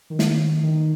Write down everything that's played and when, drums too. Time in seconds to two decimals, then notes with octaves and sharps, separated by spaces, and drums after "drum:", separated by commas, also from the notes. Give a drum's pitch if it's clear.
0.10 D#3
0.19 drum: snare
0.63 D#3